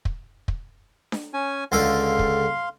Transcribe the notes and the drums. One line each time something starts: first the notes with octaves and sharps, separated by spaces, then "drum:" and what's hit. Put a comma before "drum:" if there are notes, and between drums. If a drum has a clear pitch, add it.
drum: kick
drum: kick
drum: snare D4
C#4 G#5
C#2 D3 A4 F5 C6
drum: kick